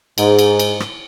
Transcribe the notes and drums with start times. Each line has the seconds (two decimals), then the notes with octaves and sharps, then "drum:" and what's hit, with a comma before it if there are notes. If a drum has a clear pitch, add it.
0.18 G#2, drum: cymbal
0.39 drum: cymbal
0.59 drum: cymbal
0.80 drum: rim click